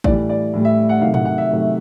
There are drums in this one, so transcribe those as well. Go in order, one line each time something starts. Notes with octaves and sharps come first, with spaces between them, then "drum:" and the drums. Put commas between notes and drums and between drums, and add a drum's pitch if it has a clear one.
A2 E3 G3 D5, drum: kick G#1
D5
A2 E3 G3
E5
F#5
C3 D#3 F#3 A3 F5
F#5, drum: tom G#2
F#5
E5
C3 D#3 F#3 A3